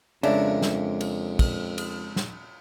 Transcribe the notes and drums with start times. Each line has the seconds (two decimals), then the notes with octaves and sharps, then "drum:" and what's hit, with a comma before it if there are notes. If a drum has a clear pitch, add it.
0.23 F2 C#3 G#3 D4 A#4 E5, drum: cymbal
0.62 drum: snare
1.01 drum: cymbal
1.39 drum: kick, cymbal
1.78 drum: cymbal
2.16 drum: snare